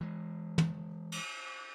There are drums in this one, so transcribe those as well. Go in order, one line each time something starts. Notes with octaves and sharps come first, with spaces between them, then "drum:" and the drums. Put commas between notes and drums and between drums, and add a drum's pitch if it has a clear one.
E3 G#3
drum: tom
drum: cymbal